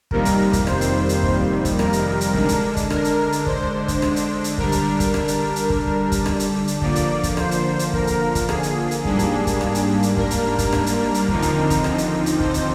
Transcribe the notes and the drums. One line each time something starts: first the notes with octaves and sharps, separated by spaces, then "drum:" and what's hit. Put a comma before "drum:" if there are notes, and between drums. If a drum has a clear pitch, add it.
F2 C3 D#3 G3 A#3 A#4, drum: kick
drum: hi-hat
drum: kick, hi-hat
C5, drum: rim click
drum: hi-hat
drum: hi-hat
drum: kick
drum: kick, hi-hat
A#4, drum: rim click
drum: hi-hat
drum: hi-hat
D3 G#3 D4, drum: kick
drum: hi-hat
drum: kick, hi-hat
A#4, drum: rim click
drum: hi-hat
drum: hi-hat
C5, drum: kick
drum: kick, hi-hat
drum: rim click
drum: hi-hat
drum: hi-hat
D3 G3 D4 A#4, drum: kick
drum: hi-hat
drum: kick, hi-hat
drum: rim click
drum: hi-hat
drum: hi-hat
drum: kick
drum: kick, hi-hat
drum: rim click
drum: hi-hat
drum: hi-hat
D3 F3 A#3 D5, drum: kick
drum: hi-hat
drum: kick, hi-hat
C5, drum: rim click
drum: hi-hat
drum: hi-hat
A#4, drum: kick
drum: hi-hat
drum: kick, hi-hat
G#4, drum: rim click
drum: hi-hat
drum: hi-hat
G#2 G3 A#3 D4 G#4, drum: kick
drum: hi-hat
drum: kick, hi-hat
drum: rim click
drum: hi-hat
drum: hi-hat
A#4, drum: kick
drum: hi-hat
drum: kick, hi-hat
drum: rim click
drum: hi-hat
drum: hi-hat
D#2 D3 F3 C4 D#4, drum: kick
drum: hi-hat
drum: kick, hi-hat
drum: rim click
drum: hi-hat
drum: hi-hat
C5, drum: kick
drum: hi-hat